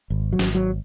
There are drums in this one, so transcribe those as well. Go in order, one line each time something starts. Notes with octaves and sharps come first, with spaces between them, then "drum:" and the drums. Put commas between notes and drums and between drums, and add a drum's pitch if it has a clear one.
G#1
F#3
G#1, drum: snare
F#3